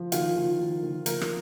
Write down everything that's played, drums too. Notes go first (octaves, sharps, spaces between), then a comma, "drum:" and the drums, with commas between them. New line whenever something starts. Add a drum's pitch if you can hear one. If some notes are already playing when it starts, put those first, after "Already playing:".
Already playing: F3
D#3 F4, drum: hi-hat
D#3
D#3
D#3
F3 A#4, drum: hi-hat
drum: rim click